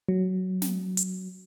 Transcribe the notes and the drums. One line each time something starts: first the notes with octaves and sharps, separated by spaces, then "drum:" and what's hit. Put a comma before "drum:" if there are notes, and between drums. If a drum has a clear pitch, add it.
F#3
drum: snare
drum: hi-hat